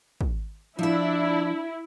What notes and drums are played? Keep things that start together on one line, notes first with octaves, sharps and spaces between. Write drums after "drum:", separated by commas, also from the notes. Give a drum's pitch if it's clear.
drum: kick
F3 D4 E4 E5